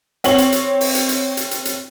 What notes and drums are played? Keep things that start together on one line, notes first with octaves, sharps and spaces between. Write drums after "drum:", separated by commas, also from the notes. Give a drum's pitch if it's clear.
C4 C#5 F#7, drum: hi-hat
drum: hi-hat
drum: hi-hat
drum: open hi-hat
drum: hi-hat
drum: hi-hat
drum: hi-hat
drum: hi-hat
drum: hi-hat